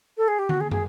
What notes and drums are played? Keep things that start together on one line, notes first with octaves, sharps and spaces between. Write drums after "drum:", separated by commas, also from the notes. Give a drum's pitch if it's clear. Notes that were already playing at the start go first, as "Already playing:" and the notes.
A4
G#4
G4
F#4, drum: tom
G#4
G#4, drum: tom